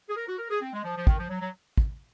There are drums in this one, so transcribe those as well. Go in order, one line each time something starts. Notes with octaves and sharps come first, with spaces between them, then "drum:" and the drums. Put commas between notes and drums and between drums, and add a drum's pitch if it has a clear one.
G#4
A#4
F#4
A#4
G#4
C4
G#3
F3
F3
D#3, drum: kick
F3
F#3
F#3
drum: kick